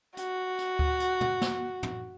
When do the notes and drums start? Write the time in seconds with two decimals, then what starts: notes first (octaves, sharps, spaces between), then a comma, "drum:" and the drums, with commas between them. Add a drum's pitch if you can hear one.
0.17 F#4, drum: hi-hat
0.59 drum: hi-hat
0.79 drum: kick D2
1.00 drum: hi-hat
1.21 drum: tom
1.41 drum: snare
1.83 drum: tom